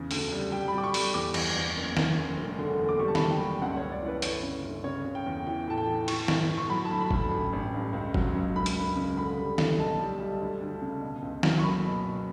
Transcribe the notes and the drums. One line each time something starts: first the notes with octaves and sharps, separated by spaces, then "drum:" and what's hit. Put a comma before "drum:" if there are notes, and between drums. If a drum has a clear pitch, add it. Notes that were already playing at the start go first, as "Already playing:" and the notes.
Already playing: E2 C#3
D2, drum: open hi-hat
G3
G3 G5
G3 B5
D6
C#6
G3, drum: open hi-hat
E2 D6
E2, drum: cymbal
E2
F#1
F#1, drum: snare
F#1
E1
D3
E2
D6
G3 C#6
A5
B5, drum: snare
F#1
G5
G3
C#2 F#5
C#5
C#2
D5
E3
B4
G1 C#5, drum: hi-hat
C#3
G1
C#3 C#5
C#3
G5
E2
E3 G5
A2 A5
G5
E3
E3 C#6, drum: cymbal
G1, drum: snare
E3
C#6
F#3 B5
A5
D2
B5
D2, drum: kick G1
B5
A1
A1
G2
C#2
F#3, drum: kick G1
C#2
E1 B5
drum: hi-hat
E1
C#3
D3 B5
G3
D2, drum: snare
B1 A5
G3
G3
D2
D2
C#3
B2
C#2
F#3, drum: snare
C#6
F#1 B5
B2
B2